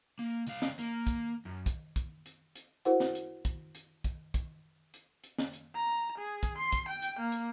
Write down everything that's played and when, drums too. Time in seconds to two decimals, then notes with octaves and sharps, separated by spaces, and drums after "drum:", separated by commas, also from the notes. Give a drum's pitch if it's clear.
0.19 A#3
0.47 C2 F5, drum: hi-hat
0.62 drum: snare
0.79 A#3, drum: hi-hat
1.07 drum: kick, hi-hat
1.45 F#2
1.66 drum: kick, hi-hat
1.96 drum: kick, hi-hat
2.26 drum: hi-hat
2.56 drum: hi-hat
2.85 E4 F#4 A#4 C5 F#5, drum: hi-hat
3.00 drum: snare
3.15 drum: hi-hat
3.45 drum: kick, hi-hat
3.75 drum: hi-hat
4.04 drum: kick, hi-hat
4.34 drum: kick, hi-hat
4.94 drum: hi-hat
5.24 drum: hi-hat
5.38 drum: snare
5.53 drum: hi-hat
5.75 A#5
6.18 G#4
6.43 drum: kick, hi-hat
6.58 C6
6.73 drum: kick, hi-hat
6.88 G5
7.02 drum: hi-hat
7.19 A#3
7.32 drum: hi-hat